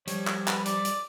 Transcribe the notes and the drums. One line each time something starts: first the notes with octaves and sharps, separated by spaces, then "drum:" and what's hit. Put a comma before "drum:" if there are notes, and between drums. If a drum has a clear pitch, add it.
F3 G3 C#5, drum: hi-hat
drum: clap
B4, drum: clap
D5, drum: hi-hat
drum: hi-hat